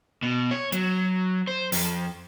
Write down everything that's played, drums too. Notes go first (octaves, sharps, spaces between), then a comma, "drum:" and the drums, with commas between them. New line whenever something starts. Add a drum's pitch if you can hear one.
B2
C#5
F#3, drum: hi-hat
C5
F2, drum: open hi-hat